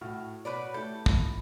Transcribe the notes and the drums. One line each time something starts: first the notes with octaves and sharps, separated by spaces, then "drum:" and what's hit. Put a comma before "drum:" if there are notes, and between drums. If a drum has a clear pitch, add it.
A2 F#4 F6
B2 F#4 B4 C#5 D5
A3 E4 G4 A4 G6
F4 D#5 B5, drum: kick